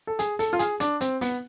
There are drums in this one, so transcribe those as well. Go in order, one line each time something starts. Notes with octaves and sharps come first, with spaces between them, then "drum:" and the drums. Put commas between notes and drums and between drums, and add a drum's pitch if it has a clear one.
A4
G#4, drum: hi-hat
A4, drum: open hi-hat
F4
G#4, drum: hi-hat
D4, drum: hi-hat
C4, drum: hi-hat
B3, drum: open hi-hat